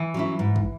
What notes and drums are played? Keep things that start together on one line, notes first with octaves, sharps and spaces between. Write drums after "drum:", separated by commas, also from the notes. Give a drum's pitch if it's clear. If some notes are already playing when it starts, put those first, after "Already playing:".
Already playing: E3
F#3 C#4 E4
G#2
drum: kick